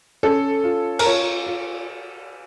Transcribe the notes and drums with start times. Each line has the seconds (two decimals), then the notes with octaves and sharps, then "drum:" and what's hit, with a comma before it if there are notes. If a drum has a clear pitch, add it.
0.23 C#4 A4
0.64 F4
0.99 A#4, drum: cymbal
1.06 F4 C#5
1.47 F4